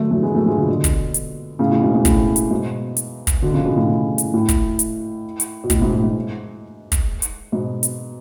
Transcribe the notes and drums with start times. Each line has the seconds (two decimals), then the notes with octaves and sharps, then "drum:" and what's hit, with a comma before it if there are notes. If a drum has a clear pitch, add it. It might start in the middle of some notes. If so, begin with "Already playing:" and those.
Already playing: D3 F#3 A3
0.11 F#3 A3
0.23 G#3 B3
0.35 F#3 A3
0.46 F3 G#3
0.57 B2 D3
0.68 B2 D3
0.84 drum: kick, hi-hat
1.14 drum: hi-hat
1.59 A2 C#3
1.71 A2
1.82 G#2 B2
1.94 G#2 B2
2.05 A2, drum: kick, hi-hat
2.36 drum: hi-hat
2.51 G#2 B2
2.97 drum: hi-hat
3.27 drum: kick, hi-hat
3.42 B2 D3
3.54 C#3 F3
3.65 B2 D3
3.76 A2 C#3
3.88 A2
4.18 drum: hi-hat
4.34 A2
4.49 drum: kick, hi-hat
4.79 drum: hi-hat
5.40 drum: hi-hat
5.64 B2
5.70 A2, drum: kick, hi-hat
5.82 G#2 B2
5.93 A2
6.04 G#2
6.92 drum: kick, hi-hat
7.22 drum: hi-hat
7.52 G#2 B2
7.83 drum: hi-hat